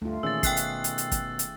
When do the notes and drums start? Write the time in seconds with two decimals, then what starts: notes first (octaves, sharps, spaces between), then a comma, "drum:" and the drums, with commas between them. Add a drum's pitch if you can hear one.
0.02 D2 G2 A3 F4
0.23 A#2 D#3 E3 C#4 G#4 E6 A6
0.43 B2 G5 F#6 C7, drum: kick, hi-hat
0.57 drum: hi-hat
0.84 drum: hi-hat
0.98 drum: hi-hat
1.12 drum: kick, hi-hat
1.39 drum: hi-hat